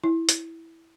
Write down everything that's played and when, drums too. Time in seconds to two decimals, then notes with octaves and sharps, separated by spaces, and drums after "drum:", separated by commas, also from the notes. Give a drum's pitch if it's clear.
0.04 E4
0.29 drum: hi-hat